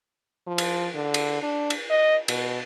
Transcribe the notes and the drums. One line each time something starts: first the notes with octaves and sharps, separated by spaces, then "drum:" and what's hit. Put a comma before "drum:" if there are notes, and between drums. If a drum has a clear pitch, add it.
F3
drum: cymbal
D3
drum: cymbal
D4
drum: cymbal
D#5
B2, drum: cymbal